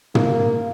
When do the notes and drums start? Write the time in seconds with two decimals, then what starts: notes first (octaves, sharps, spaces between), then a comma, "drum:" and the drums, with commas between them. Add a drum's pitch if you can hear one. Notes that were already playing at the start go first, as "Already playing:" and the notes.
0.15 A#3, drum: tom